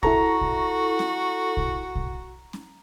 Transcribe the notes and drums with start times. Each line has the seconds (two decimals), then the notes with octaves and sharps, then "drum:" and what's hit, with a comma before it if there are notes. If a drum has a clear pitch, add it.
0.03 E4 F#4 A4 A#5 C#6, drum: kick
0.41 drum: kick
0.99 drum: snare C#4
1.57 drum: kick
1.95 drum: kick
2.53 drum: snare C#4